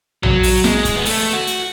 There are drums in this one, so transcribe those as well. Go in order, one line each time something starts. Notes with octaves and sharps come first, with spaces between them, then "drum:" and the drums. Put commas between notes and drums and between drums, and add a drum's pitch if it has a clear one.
F#3, drum: tom A#1
drum: open hi-hat
G#3, drum: snare
drum: kick, hi-hat
B3
A3, drum: open hi-hat
F#4
drum: hi-hat